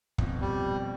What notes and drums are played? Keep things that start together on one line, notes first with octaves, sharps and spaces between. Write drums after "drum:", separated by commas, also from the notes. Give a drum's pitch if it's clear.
F2 B2, drum: kick
G3